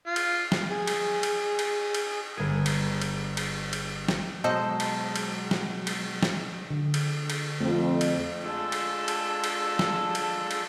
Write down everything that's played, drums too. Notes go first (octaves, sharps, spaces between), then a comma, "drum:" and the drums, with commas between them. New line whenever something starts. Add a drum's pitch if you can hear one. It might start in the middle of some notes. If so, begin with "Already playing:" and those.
F4
drum: cymbal
drum: snare
G#4
drum: cymbal
drum: cymbal
drum: cymbal
drum: cymbal
G1 G#4
drum: cymbal
drum: cymbal
drum: cymbal
drum: cymbal
drum: snare
B2 F#3 G#3 A4 C5 D#5
drum: cymbal
drum: cymbal
drum: snare
drum: cymbal
drum: snare
D3
drum: cymbal
drum: cymbal
F2 A3
drum: cymbal
G#3 D4 F4 A4 A5
drum: cymbal
drum: cymbal
drum: cymbal
drum: snare
drum: cymbal
drum: cymbal